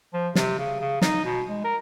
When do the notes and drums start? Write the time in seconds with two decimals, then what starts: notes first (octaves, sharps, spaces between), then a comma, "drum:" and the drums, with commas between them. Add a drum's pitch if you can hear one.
0.13 F3
0.35 C3, drum: snare
0.59 C#3
0.81 C#3
1.02 D#4, drum: snare
1.25 B2
1.49 G#3
1.64 A#4